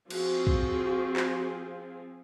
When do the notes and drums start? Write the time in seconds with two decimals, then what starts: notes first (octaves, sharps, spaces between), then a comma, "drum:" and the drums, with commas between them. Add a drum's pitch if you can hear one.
0.10 F3 C4 F#4 G#4, drum: cymbal
0.47 drum: kick
1.17 drum: clap